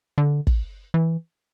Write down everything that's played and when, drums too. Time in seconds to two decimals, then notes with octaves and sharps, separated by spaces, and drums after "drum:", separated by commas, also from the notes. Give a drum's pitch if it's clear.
0.18 D3
0.47 drum: kick
0.94 E3